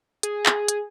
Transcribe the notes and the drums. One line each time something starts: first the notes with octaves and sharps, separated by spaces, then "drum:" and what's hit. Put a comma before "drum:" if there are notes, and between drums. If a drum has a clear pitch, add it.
G#4, drum: hi-hat
drum: clap
drum: hi-hat